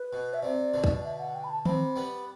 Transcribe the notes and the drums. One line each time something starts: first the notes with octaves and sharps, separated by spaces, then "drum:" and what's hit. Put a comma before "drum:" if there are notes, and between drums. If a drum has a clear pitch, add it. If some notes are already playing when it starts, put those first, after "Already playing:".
Already playing: B4
B2
E5
C3 D5
B2 D3
drum: kick
D5
E5
F#5
G5
B5
A5
C3 B5, drum: tom D#3
G3 B3